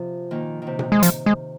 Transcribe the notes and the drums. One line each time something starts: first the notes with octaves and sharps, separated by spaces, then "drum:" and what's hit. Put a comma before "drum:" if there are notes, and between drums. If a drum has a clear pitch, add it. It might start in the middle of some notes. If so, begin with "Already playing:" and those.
Already playing: C3 F3
A#2 D#3
C3 D#3
drum: tom A#2
G#3
F3, drum: hi-hat
G#3